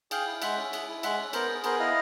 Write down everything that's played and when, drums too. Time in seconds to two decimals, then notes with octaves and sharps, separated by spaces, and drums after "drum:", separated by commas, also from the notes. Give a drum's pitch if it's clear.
0.11 G#4 F5 G5, drum: cymbal
0.27 E4
0.42 G#3 E5 F#5, drum: cymbal
0.57 C#4
0.73 G#4, drum: cymbal
0.88 E4
1.03 G#3 E5 F#5, drum: cymbal
1.18 C#4
1.33 B3 A#4 C5, drum: cymbal
1.49 G#4
1.64 B3 A#4 C5, drum: cymbal
1.79 E4 D#5 F5